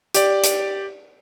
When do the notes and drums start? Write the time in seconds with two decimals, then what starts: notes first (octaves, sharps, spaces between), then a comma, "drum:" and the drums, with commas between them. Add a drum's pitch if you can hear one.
0.14 G4 D5, drum: hi-hat
0.44 drum: hi-hat